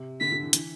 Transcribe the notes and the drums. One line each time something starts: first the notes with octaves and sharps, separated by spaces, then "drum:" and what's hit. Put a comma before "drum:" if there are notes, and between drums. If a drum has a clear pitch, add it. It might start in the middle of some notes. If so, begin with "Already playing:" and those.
Already playing: C3
D3 B6
D3
E3
E3, drum: hi-hat